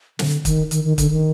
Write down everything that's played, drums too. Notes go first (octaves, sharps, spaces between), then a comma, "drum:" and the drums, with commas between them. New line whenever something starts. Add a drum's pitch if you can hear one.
D3, drum: snare
D#3, drum: kick, hi-hat
D#3, drum: hi-hat
D#3
D3, drum: kick, hi-hat
D#3